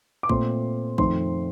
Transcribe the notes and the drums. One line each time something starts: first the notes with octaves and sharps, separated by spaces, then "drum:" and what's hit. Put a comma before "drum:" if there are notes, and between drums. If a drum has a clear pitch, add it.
D6
A#2 A3 C4 C6, drum: kick
F2 D#3 A3 C4 C6, drum: kick